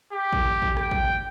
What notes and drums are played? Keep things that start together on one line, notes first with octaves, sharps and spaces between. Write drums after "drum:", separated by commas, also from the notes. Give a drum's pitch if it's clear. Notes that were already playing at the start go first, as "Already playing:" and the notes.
G4
drum: kick
drum: kick
G5, drum: rim click
drum: kick